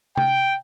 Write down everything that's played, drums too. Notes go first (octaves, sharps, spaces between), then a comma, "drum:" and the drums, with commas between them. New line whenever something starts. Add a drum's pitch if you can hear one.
G5, drum: tom C3